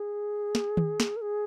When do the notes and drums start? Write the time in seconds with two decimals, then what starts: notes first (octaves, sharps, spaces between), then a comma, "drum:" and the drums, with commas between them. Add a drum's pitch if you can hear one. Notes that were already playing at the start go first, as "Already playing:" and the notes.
Already playing: G#4
0.55 drum: snare
0.77 drum: tom D#3
1.00 drum: snare
1.16 A#4
1.22 G#4